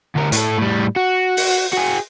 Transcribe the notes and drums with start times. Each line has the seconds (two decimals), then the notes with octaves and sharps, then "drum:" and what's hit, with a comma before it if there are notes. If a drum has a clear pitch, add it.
0.15 D2 A#4
0.32 A2 A4, drum: hi-hat
0.58 A2 G3
0.96 F#4
1.37 drum: open hi-hat
1.73 F#4 G#4